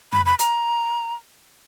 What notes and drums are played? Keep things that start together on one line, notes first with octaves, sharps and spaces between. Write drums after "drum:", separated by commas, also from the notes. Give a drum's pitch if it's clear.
B5, drum: tom F2
B5
A#5, drum: hi-hat